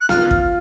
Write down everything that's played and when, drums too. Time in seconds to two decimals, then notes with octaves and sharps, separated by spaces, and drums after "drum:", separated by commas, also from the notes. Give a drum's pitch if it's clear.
0.01 F#6
0.09 F4 F6, drum: snare B3
0.31 drum: kick